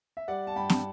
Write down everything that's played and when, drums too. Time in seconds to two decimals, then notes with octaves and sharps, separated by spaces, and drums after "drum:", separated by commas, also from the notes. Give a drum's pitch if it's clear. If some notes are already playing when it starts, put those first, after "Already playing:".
0.17 E5
0.28 G3 D5 F#5
0.47 A5
0.56 G2 G5 B5
0.70 drum: snare